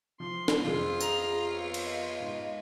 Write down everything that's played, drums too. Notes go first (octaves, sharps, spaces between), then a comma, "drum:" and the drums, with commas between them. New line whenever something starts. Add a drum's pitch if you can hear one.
F3 C6
drum: snare
F2 F3 F4 G#4
A#5 D#6, drum: tambourine
B3 C#5
drum: cymbal
D#5
G#2